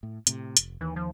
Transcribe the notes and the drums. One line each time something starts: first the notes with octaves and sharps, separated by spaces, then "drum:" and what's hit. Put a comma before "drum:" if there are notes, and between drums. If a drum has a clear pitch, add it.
A2
A2 C3, drum: hi-hat
F1, drum: hi-hat
D#2 D#3 E3
F3